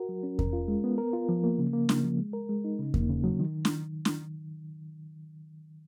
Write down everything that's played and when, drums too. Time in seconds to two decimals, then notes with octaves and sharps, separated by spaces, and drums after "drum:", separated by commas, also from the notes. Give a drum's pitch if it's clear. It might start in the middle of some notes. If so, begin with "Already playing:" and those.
Already playing: F#4 A#4
0.09 F#3
0.23 C#4
0.39 A#4, drum: kick E2
0.53 F4
0.68 G#3
0.84 B3
0.98 A#4
1.13 F4
1.29 F3
1.44 A#3
1.58 C#3
1.73 A#3
1.89 C#3, drum: snare
2.04 F3
2.18 G#3
2.33 A#4
2.49 G#3
2.64 D#4
2.79 C#3
2.94 A#3, drum: kick E2
3.09 C#3
3.24 F#3
3.40 D#3
3.65 drum: snare
4.05 drum: snare